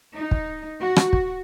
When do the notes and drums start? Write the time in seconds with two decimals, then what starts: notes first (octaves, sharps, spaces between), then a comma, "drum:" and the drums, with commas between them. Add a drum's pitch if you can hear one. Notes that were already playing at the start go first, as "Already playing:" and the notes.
0.14 D#4
0.31 drum: kick
0.80 F#4
0.96 drum: rim click
1.13 drum: kick